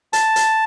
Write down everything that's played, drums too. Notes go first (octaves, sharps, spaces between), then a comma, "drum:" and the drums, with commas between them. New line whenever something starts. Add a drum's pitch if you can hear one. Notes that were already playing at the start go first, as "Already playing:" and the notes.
A5, drum: hi-hat
drum: hi-hat